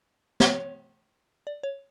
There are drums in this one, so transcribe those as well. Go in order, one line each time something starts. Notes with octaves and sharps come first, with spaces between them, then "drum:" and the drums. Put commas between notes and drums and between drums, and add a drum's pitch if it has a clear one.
C#5, drum: snare
D5
C#5